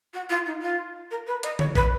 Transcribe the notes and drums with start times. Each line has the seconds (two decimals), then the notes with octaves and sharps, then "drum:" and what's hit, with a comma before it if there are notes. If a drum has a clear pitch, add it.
0.14 F#4
0.30 F4
0.46 D#4
0.62 F4
1.11 A#4
1.27 B4
1.43 D#5, drum: hi-hat
1.59 C#5, drum: tom D3
1.75 B4, drum: kick A#1